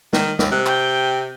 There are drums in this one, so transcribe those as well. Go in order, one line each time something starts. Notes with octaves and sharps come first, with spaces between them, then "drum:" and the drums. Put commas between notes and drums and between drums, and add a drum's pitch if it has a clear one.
D#3, drum: snare
D#2, drum: snare
C3 F#6
G5, drum: clap